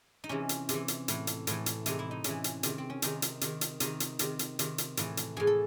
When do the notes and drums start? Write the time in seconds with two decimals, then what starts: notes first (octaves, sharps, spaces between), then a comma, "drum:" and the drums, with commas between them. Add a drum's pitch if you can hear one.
0.24 D#4
0.29 C3 E3 C#4
0.49 drum: hi-hat
0.69 C3 E3, drum: hi-hat
0.88 drum: hi-hat
1.08 A2 E3, drum: hi-hat
1.27 drum: hi-hat
1.47 A2 E3, drum: hi-hat
1.66 drum: hi-hat
1.86 C3 E3 D#4, drum: hi-hat
1.99 E4
2.11 D#4
2.24 C3 E3 C#4, drum: hi-hat
2.44 drum: hi-hat
2.63 C3 D#3, drum: hi-hat
2.78 C4
2.90 C#4
3.02 C3 D#3 D#4, drum: hi-hat
3.22 drum: hi-hat
3.41 C3 D#3, drum: hi-hat
3.61 drum: hi-hat
3.80 C3 D#3 D#4, drum: hi-hat
4.00 drum: hi-hat
4.19 C3 D#3, drum: hi-hat
4.39 drum: hi-hat
4.59 C3 D#3, drum: hi-hat
4.78 drum: hi-hat
4.97 A2 E3, drum: hi-hat
5.17 drum: hi-hat
5.37 A2 E3 G#4
5.47 A4